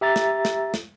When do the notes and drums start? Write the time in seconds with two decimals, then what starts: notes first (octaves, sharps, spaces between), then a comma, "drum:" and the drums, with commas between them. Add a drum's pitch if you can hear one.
0.01 G4 E5 A#5 A6
0.16 drum: snare
0.45 drum: snare
0.74 drum: snare